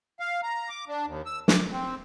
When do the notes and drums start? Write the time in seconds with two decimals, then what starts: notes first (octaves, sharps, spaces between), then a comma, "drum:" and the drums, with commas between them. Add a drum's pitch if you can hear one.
0.20 F5
0.43 A#5
0.69 D6
0.88 D4
1.06 D#2
1.26 E6
1.48 D6, drum: snare
1.72 C4